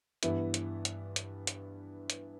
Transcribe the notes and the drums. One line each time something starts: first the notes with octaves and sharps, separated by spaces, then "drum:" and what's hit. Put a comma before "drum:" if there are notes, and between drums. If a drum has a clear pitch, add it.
G2 E3 B3 E4, drum: hi-hat
drum: hi-hat
drum: hi-hat
drum: hi-hat
drum: hi-hat
drum: hi-hat